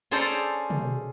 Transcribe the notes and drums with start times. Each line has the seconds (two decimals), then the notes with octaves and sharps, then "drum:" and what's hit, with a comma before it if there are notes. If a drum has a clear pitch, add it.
0.11 C#4 G#4 A4 C5 D5 A#5
0.70 drum: tom